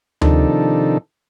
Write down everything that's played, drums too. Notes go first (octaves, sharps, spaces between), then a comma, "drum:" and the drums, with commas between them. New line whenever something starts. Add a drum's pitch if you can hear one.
C3 D#3 F3 D4 D#4 A4, drum: tom D2